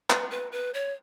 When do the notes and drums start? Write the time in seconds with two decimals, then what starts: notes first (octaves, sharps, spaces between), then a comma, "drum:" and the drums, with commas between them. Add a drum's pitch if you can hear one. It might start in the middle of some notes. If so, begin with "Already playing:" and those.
0.10 B4, drum: clap
0.31 B4
0.52 B4
0.74 C#5